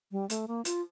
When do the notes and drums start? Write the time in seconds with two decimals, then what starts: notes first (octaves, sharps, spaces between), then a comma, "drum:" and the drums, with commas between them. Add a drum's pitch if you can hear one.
0.12 G3
0.30 A3, drum: hi-hat
0.48 A#3
0.65 F4, drum: hi-hat